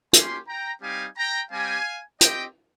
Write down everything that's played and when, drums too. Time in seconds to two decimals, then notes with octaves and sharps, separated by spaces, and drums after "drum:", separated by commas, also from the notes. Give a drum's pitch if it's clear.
0.13 A#3 C#4 G4 G#5 C6, drum: hi-hat
0.48 G5 A#5
0.82 G3 C4 D#4 G4 F5 G#5
1.18 G5 A#5
1.51 G3 C4 G4 F5 G#5
2.21 C4 G4 D#5 G5, drum: hi-hat